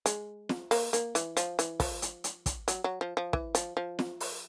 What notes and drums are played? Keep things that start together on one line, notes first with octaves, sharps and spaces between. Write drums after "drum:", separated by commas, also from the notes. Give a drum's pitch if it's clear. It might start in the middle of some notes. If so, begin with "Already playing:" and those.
G#3, drum: hi-hat
drum: snare
A#3, drum: open hi-hat
A#3, drum: hi-hat
E3, drum: hi-hat
F3, drum: hi-hat
E3, drum: hi-hat
F3, drum: kick, open hi-hat
drum: hi-hat
drum: hi-hat
drum: kick, hi-hat
F#3, drum: hi-hat
F#3
F3
F3
E3, drum: kick
F3, drum: hi-hat
F3
drum: snare
drum: open hi-hat